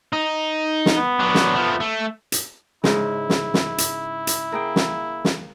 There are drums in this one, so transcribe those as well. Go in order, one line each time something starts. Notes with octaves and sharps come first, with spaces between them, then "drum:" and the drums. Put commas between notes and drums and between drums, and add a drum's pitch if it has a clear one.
D#4
drum: snare
B3
F#3 D4
drum: snare
F3 A3
A3
drum: hi-hat
G#2 C#3 G#3 E4, drum: snare
drum: snare
drum: snare
drum: hi-hat
drum: hi-hat
A#3 G#4 G5
drum: snare
drum: snare